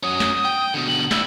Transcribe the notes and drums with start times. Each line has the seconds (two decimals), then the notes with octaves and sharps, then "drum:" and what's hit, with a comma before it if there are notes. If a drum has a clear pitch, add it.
0.03 F#3 C#4 D#6
0.20 drum: snare
0.45 G5
0.74 B2 D3
0.88 F#7
1.11 G3 E4 E6, drum: snare